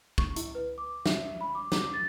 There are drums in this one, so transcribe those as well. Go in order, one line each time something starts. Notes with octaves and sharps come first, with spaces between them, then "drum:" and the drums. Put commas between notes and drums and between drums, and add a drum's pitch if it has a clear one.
C#6, drum: kick
E4, drum: hi-hat
B4
D6
E5, drum: snare
B5
D6
D6, drum: snare
A6